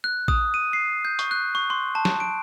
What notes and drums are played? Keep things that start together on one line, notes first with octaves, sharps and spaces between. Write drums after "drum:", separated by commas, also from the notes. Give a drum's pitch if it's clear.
F#6
D#6, drum: kick
D#7
C7
G6
C#6, drum: hi-hat
F#6
C#6
C6
A5
drum: snare
D7